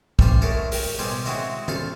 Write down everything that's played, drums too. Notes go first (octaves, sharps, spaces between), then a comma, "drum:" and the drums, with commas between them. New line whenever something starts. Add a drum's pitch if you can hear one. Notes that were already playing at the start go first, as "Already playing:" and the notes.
A1 G3 F4 C5, drum: kick
F#3 G#3 A3 A4 A#4
A#4 G5, drum: open hi-hat
B2 G3 G#3 C5 G5 G#5
F#3 G#3 C4 E4 F#4 D#5
F4 A4 C5 F5, drum: tom